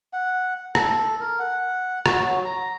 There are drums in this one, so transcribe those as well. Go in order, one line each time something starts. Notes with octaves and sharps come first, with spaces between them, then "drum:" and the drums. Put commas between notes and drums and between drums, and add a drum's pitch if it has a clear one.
F#5
A4, drum: rim click
A#4
F#5
F#4, drum: rim click
F#3
A#5